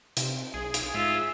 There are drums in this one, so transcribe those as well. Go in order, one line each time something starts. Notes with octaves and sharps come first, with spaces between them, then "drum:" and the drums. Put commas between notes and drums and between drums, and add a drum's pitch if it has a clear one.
C3, drum: hi-hat
B1 G#4
drum: hi-hat
G#2 F4 E5